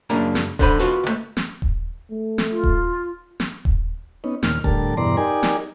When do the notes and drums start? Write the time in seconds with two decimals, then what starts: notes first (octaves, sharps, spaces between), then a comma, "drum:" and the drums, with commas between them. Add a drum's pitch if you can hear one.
0.10 F#2 C#3 A#3 D4 A#5
0.35 drum: snare
0.59 D3 C5 B5, drum: kick D#1
0.79 F4 F#4 B4
1.04 C#2 A3
1.37 drum: snare
1.62 drum: kick D#1
2.11 A3
2.38 drum: snare
2.51 F4
2.64 drum: kick D#1
3.40 drum: snare
3.65 drum: kick D#1
4.24 B3 C#4 D#4
4.43 D#2 A#2 F6, drum: snare
4.64 A2 D3 G3 A#4 A5, drum: kick D#1
4.97 E2 G2 B2 D5 A#5 C6
5.17 D#4 G4 A#4 D5 G#5
5.43 drum: snare